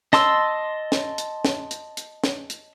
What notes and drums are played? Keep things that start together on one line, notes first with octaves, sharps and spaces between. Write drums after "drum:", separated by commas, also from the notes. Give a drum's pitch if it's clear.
D#5 A5 C6 E6, drum: snare
drum: snare
drum: hi-hat
drum: snare
drum: hi-hat
drum: hi-hat
drum: snare
drum: hi-hat